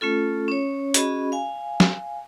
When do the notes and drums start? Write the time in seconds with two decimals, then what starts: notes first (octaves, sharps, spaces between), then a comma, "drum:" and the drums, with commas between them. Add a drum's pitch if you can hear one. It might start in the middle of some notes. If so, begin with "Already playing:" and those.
0.01 A3 C#4 F4 A4
0.48 C#4 C#5
0.94 C#4 F#4 G#4 D#5 B5, drum: hi-hat
1.32 F5 G#5
1.80 drum: snare